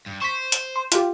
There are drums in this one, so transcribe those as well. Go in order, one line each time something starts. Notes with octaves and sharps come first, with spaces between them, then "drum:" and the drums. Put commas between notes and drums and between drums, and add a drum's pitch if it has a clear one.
G2
C5 C#6 B6
drum: hi-hat
C6
F4 G4, drum: hi-hat